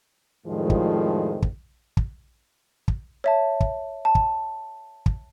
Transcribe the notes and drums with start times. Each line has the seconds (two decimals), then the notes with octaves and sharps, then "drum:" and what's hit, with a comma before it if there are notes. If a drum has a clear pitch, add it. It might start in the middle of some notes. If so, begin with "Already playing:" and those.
0.46 F2 A2 D#3 F3 G3 G#3
0.70 drum: kick
1.42 drum: kick
1.97 drum: kick
2.88 drum: kick
3.24 C#5 E5 A5
3.60 drum: kick
4.05 A5
4.15 drum: kick
5.06 drum: kick